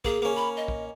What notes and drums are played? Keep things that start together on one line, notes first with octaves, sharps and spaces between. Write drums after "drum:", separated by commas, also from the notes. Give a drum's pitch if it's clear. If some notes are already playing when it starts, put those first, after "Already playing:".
A#3 G#4, drum: kick
A#3 C#4
B5
D#5
drum: kick